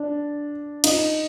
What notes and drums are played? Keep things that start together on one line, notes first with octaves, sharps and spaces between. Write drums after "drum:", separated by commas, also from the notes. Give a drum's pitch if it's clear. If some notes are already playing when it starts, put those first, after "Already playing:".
Already playing: D4
D#4, drum: cymbal